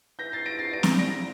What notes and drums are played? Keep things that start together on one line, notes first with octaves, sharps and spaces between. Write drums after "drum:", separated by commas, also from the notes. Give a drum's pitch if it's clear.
E3 G6 A#6
A6 C7
A#6 D7
A6 C7
G3 A#6 D7
drum: snare C4
G3 A#6 D7